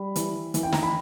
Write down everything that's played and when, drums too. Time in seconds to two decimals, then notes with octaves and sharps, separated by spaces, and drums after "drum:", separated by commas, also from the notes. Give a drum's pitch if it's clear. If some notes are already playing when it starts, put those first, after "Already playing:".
Already playing: G3 B5
0.16 E3, drum: hi-hat
0.54 E3, drum: hi-hat
0.63 G5
0.73 A#5, drum: snare
0.83 B5